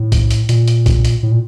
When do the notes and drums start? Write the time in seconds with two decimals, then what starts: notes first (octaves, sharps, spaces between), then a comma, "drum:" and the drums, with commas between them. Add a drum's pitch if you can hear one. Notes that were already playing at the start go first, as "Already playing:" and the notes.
Already playing: A2
0.12 drum: kick B1, hi-hat
0.31 drum: hi-hat
0.49 A#2, drum: hi-hat
0.68 drum: hi-hat
0.86 drum: kick B1, hi-hat
1.05 drum: hi-hat
1.23 A2
1.31 A#2